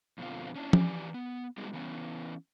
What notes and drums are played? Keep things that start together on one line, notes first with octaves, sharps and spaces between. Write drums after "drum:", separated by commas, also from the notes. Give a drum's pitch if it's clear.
F2 B2 D3 C4 F4
C#4 D4 E4
E3 G4 D5 G#5, drum: tom
B3
G3 G#3 B3 D#4 F#4 G#4
E3 B3 C#4